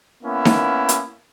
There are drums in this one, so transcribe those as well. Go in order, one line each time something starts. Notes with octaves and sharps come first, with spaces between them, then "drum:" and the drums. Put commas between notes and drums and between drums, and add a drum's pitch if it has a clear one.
A#3 B3 C#4 E4
drum: snare D#4
drum: hi-hat